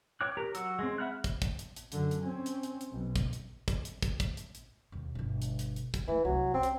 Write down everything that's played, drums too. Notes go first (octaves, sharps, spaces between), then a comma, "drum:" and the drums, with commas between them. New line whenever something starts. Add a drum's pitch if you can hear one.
C#5 G5 D6 F#6
G4 A#4 A#5
F#3 F#4 E6, drum: hi-hat
G#3 C4
E5 F#5 B5 F6 F#6
drum: kick, hi-hat
drum: kick, hi-hat
drum: hi-hat
drum: hi-hat
F#2 D3, drum: hi-hat
drum: hi-hat
C4 C#4
drum: hi-hat
drum: hi-hat
drum: hi-hat
B1
drum: kick, hi-hat
drum: hi-hat
drum: kick, hi-hat
drum: hi-hat
drum: kick, hi-hat
drum: kick, hi-hat
drum: hi-hat
drum: hi-hat
D#2 B2
G1 B2
drum: hi-hat
drum: hi-hat
drum: hi-hat
drum: kick, hi-hat
E3 A3
C2 F#3
C4 C#4
drum: hi-hat